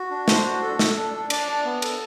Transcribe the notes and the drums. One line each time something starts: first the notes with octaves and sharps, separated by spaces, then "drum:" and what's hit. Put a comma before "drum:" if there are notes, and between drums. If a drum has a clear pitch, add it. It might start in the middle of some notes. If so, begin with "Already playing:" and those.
Already playing: F#4
D4
D4 C5, drum: snare
F#4
A4
A4, drum: snare
D4
D4
D4 D5, drum: cymbal
D4
B3
A4, drum: cymbal